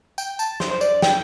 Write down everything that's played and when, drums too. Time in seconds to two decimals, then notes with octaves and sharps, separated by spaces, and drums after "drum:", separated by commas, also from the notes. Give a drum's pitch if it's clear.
0.18 G5, drum: tambourine
0.39 A5, drum: tambourine
0.60 C5, drum: snare
0.71 C5
0.81 D5, drum: tambourine
1.02 G5, drum: snare